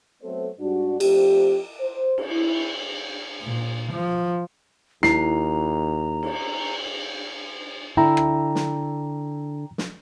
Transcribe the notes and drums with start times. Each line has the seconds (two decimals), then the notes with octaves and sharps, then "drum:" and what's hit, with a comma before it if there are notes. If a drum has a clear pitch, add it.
0.22 F#3 A3 B3 C4 A4 C5
0.60 G#2 G3 D4 F#4
1.00 F3 A3 C4 D4 G4, drum: cymbal
1.80 C5
2.18 drum: cymbal
2.32 E4
3.43 A#2
3.93 F3
5.03 D#2 E4 A#5 C7, drum: snare
6.23 drum: cymbal
7.97 D3 E4 G5 A#5
8.17 drum: rim click
8.55 drum: snare
9.78 drum: snare